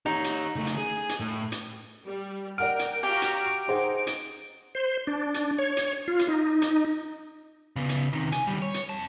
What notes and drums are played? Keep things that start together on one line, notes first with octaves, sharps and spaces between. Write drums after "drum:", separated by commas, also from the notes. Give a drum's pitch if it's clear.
D#4 G4 C#5
drum: hi-hat
C#3 A3
drum: hi-hat
G#4
drum: hi-hat
A2
drum: hi-hat
G3
A#4 D5 F#5 G5 F6 D7
drum: hi-hat
F#4 G4 F5 A#5
drum: hi-hat
D#4 G#4 C5 F#5
drum: hi-hat
C5
D4
drum: hi-hat
C#5
drum: hi-hat
F4
drum: hi-hat
D#4
drum: hi-hat
C#3 B3
drum: hi-hat
C3 D#3
G#5, drum: hi-hat
D#3 G3
C#5
drum: hi-hat
F2 A5